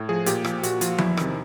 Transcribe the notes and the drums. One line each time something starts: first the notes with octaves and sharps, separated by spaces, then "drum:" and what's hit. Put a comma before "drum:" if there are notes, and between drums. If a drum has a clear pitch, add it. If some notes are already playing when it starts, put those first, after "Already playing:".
Already playing: A2
F3 G#4
A#2 G4, drum: hi-hat
F3, drum: rim click
A#2 F#4, drum: hi-hat
F3 F4, drum: hi-hat
E2 E4, drum: tom F3
C3 D#3, drum: rim click